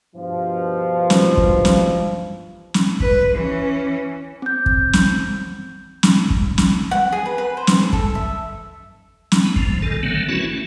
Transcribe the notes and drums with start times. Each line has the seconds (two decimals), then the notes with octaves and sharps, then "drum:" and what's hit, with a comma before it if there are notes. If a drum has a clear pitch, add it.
0.16 G2 B2 F3
1.10 drum: snare
1.37 drum: kick
1.65 drum: snare
2.74 drum: snare
3.00 B4, drum: kick
3.34 E3 C#4
4.42 C4 G6
4.66 drum: kick
4.93 drum: snare
6.03 drum: snare
6.30 drum: kick
6.58 drum: snare
6.91 F#5
7.12 G#4
7.26 B4
7.38 B4
7.57 C5
7.67 drum: snare
7.78 G#4
7.93 A4, drum: kick
8.15 E5
9.32 drum: snare
9.43 B3
9.56 F3, drum: kick
9.82 G#1 A#2 D#3 A4
10.03 D3 D#3 F#3 A3 B3 C4
10.29 E3 F#3 A3 C#4 E4 F#4
10.51 A3